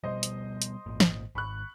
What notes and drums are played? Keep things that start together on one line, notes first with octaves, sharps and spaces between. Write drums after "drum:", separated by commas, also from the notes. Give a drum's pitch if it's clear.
B2 G3 C5 D#5
drum: hi-hat
drum: hi-hat
G#1 A#2
drum: snare
G#1 B5 C#6 F#6